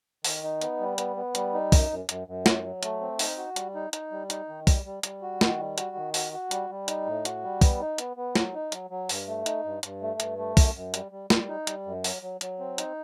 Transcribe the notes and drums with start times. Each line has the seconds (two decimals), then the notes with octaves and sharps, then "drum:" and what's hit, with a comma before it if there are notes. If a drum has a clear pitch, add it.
0.24 D#3, drum: open hi-hat
0.43 D#4
0.62 B3, drum: hi-hat
0.80 G3
0.98 B3, drum: hi-hat
1.17 B3
1.35 G3, drum: hi-hat
1.54 D#4
1.72 F#2, drum: kick, open hi-hat
1.90 F#2
2.09 F#2, drum: hi-hat
2.28 F#2
2.46 F#3, drum: snare
2.64 F#3
2.83 A3, drum: hi-hat
3.01 C4
3.19 D#4, drum: open hi-hat
3.38 F#4
3.56 G3, drum: hi-hat
3.75 D#4
3.93 D#4, drum: hi-hat
4.12 G3
4.30 D#4, drum: hi-hat
4.49 D#3
4.67 G3, drum: kick, open hi-hat
4.86 G3
5.03 G3, drum: hi-hat
5.22 F#4
5.41 D#3, drum: snare
5.59 G3
5.78 F#4, drum: hi-hat
5.96 D#3
6.14 F#4, drum: open hi-hat
6.33 F#4
6.51 G3, drum: hi-hat
6.70 G3
6.88 D#4, drum: hi-hat
7.06 A2
7.25 F#4, drum: hi-hat
7.44 G3
7.61 B3, drum: kick, open hi-hat
7.80 D#4
7.98 B3, drum: hi-hat
8.17 B3
8.35 F#3, drum: snare
8.54 D#4
8.72 F#3, drum: hi-hat
8.90 F#3
9.09 G2, drum: open hi-hat
9.28 A3
9.46 D#4, drum: hi-hat
9.64 G2
9.83 G2, drum: hi-hat
10.02 A3
10.20 G2, drum: hi-hat
10.38 A3
10.57 F#2, drum: kick, open hi-hat
10.75 F#2
10.94 G3, drum: hi-hat
11.12 G3
11.30 G3, drum: snare
11.49 D#4
11.67 G3, drum: hi-hat
11.86 F#2
12.04 F#3, drum: open hi-hat
12.22 F#3
12.41 F#3, drum: hi-hat
12.60 C4
12.78 D#4, drum: hi-hat